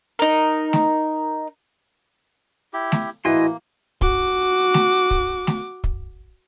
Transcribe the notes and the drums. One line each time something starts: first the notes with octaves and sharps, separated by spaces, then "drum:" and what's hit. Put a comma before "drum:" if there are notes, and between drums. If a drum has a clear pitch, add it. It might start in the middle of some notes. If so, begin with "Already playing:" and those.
D#4 A#4
drum: snare A3
E4 G4
drum: snare A3
A2 E3 A#3 E4 F#4 D#5 G#5 C6
F#4 D6, drum: kick
drum: snare A3
drum: kick
drum: snare A3
drum: kick